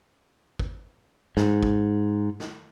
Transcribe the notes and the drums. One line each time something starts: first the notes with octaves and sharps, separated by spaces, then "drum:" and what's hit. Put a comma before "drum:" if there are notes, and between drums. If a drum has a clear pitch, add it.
drum: kick
G#2, drum: snare
drum: kick
drum: snare